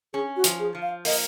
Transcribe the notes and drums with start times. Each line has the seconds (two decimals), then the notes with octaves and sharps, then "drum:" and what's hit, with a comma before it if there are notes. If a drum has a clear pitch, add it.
0.13 C#4 G#4
0.36 F#4
0.44 F3, drum: hi-hat
0.60 G#4
0.75 F3
0.82 F5
1.05 A#3 D#5, drum: open hi-hat